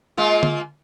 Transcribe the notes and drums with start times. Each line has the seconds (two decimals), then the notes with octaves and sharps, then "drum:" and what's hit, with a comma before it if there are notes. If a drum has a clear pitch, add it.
0.17 G#3 A#3 F4
0.43 drum: tom D3